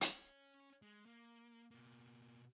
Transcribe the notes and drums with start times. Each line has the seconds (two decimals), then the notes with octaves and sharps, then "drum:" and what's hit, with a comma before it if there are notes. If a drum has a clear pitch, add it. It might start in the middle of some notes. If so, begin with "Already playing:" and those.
0.01 C#4 C#5, drum: hi-hat
0.82 G#3
1.06 A#3
1.71 B2 A#3